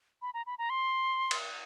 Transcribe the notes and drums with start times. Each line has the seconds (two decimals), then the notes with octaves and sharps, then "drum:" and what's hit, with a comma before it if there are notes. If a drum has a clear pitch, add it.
0.22 B5
0.34 A#5
0.46 B5
0.58 A#5
0.70 C6
1.31 drum: cymbal